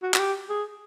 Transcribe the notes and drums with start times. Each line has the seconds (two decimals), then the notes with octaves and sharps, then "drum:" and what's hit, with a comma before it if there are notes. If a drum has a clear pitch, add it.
0.02 F#4
0.14 F#4, drum: clap
0.19 G4
0.49 G#4